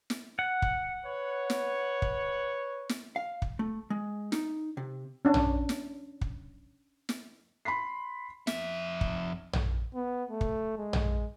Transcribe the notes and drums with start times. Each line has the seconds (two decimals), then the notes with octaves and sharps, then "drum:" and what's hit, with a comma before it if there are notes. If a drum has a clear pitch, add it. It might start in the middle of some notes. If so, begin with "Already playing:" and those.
0.10 drum: snare
0.39 F#5
0.62 drum: kick
1.04 B4 C#5
1.50 drum: snare
2.02 drum: kick
2.89 drum: snare
3.16 F5
3.42 drum: kick
3.59 A3
3.90 G#3
4.32 D#4, drum: snare
4.77 C3
5.25 C#4 D4
5.34 drum: tom A#1
5.69 drum: snare
6.21 drum: kick
7.09 drum: snare
7.65 B5 C6 B6 C7
8.47 F2 E5, drum: snare
9.01 drum: kick
9.53 drum: tom A#1
9.95 B3
10.31 A3
10.41 drum: kick
10.78 G#3
10.93 drum: tom A#1